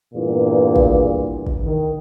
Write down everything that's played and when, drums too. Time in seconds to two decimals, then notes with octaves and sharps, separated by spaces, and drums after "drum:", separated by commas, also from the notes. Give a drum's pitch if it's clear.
0.14 E2 G2 A#2
0.76 drum: kick
1.46 drum: kick
1.64 D#3